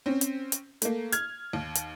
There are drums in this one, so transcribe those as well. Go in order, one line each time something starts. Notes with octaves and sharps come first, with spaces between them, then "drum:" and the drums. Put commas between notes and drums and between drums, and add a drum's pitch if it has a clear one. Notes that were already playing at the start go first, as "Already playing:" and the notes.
C4 C#4
drum: hi-hat
drum: hi-hat
A3 A#3, drum: hi-hat
F6 G#6, drum: hi-hat
D#2
drum: hi-hat